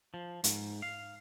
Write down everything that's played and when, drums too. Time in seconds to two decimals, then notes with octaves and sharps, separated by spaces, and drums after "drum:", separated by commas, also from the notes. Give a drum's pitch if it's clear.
0.14 F3
0.44 G#2, drum: hi-hat
0.82 F5